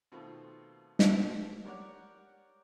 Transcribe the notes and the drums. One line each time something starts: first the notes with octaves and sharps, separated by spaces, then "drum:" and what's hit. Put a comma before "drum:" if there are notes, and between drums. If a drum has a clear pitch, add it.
B2 D#3 A3 C4 F4
F3 A3 B3 E4 F#4 C5, drum: snare
G4 A#4 C#5 D5 F#5